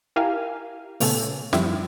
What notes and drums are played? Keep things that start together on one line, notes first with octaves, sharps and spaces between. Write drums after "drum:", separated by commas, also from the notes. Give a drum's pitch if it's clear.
E4 G4 A#4 F5 G#5
A#2 C#3 A3 B3 C#4 A4, drum: open hi-hat
F#2 D3 F3 G3 C4 E4, drum: snare